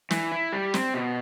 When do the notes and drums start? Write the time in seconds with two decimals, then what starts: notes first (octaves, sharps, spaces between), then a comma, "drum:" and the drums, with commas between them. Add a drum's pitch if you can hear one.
0.11 E3, drum: snare
0.32 E4
0.52 G3
0.74 C4, drum: snare
0.94 B2